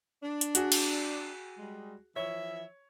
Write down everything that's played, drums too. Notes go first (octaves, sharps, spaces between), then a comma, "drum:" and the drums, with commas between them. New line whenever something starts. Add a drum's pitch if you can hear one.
D4
drum: hi-hat
F#4 G#4, drum: hi-hat
drum: cymbal
G3 G#3
E3 F3 C#5 E5